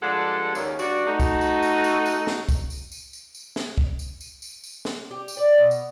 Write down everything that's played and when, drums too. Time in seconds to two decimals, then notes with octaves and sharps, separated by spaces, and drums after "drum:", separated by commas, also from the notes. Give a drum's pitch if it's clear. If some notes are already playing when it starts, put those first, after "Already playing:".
0.03 G2 F3 G#3 A4 D5 F#5
0.55 D#2 C#3, drum: tambourine
0.79 G2 F#4 D5, drum: tambourine
1.06 A3 D#4 F#4
1.20 drum: kick, tambourine
1.41 drum: tambourine
1.63 drum: tambourine
1.84 drum: tambourine
2.06 drum: tambourine
2.27 drum: snare
2.49 drum: kick, tambourine
2.70 drum: tambourine
2.92 drum: tambourine
3.13 drum: tambourine
3.35 drum: tambourine
3.56 drum: snare
3.78 drum: kick
3.99 drum: tambourine
4.21 drum: tambourine
4.42 drum: tambourine
4.64 drum: tambourine
4.85 drum: snare
5.11 G4
5.28 drum: tambourine
5.37 D5
5.58 B2
5.71 drum: tambourine